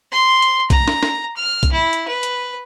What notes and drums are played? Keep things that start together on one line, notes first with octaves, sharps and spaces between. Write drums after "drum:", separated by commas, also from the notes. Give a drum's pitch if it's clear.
C6
drum: hi-hat
A#5, drum: kick B1, hi-hat
drum: snare
drum: snare
F6
drum: kick B1, hi-hat
E4
drum: hi-hat
B4
drum: hi-hat